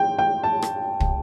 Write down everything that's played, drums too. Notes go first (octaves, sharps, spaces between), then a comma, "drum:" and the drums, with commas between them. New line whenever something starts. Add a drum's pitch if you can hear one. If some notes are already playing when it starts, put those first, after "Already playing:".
Already playing: G5
G5
A5
drum: rim click
drum: kick